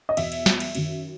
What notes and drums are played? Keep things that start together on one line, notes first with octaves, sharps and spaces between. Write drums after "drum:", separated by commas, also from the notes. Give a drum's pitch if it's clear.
D#5
E2 B2 E5, drum: cymbal
drum: cymbal
drum: snare
drum: cymbal
F#2 D#3, drum: cymbal